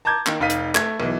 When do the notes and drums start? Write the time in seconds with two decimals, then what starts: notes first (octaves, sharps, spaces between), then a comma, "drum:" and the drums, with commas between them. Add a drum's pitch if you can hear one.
0.05 A5 A#5 D6 G6 G#6
0.26 D#3 A#3, drum: clap
0.40 F1 D#4 F5 B6 D#7
0.50 drum: hi-hat
0.75 A3 G#6, drum: clap
1.00 B1 E3